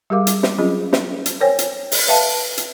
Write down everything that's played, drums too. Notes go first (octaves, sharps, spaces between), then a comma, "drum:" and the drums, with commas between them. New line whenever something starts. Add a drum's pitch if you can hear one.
G3 G4 G#4 A#4 F5 D6
drum: hi-hat
drum: snare
F#3 C4 C#4 F4 G#4 D#5
drum: snare
drum: hi-hat
A#4 C5 C#5 G5 G#5
drum: hi-hat
drum: open hi-hat
B4 E5 F5 G5 A5
drum: hi-hat